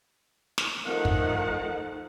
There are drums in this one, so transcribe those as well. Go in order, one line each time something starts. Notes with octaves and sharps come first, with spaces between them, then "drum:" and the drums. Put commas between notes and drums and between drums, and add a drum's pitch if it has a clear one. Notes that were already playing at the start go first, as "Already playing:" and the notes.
drum: snare
D#3 F3 A3 D#4 F#5
drum: kick